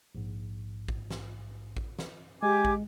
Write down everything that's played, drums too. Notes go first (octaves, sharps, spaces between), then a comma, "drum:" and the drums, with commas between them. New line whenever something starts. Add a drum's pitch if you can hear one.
A#1 G#2
drum: kick A1
drum: snare
drum: kick A1
drum: snare
G#3 G4 G#5 D6
drum: kick A1